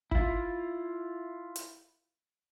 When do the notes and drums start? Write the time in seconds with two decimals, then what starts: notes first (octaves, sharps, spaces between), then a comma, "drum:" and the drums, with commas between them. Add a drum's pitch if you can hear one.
0.11 E4 F4, drum: kick
1.56 drum: hi-hat